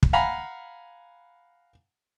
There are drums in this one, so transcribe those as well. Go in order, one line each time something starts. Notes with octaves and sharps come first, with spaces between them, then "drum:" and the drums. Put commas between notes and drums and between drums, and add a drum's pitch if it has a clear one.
drum: kick
F5 F#5 G#5 A#5 B5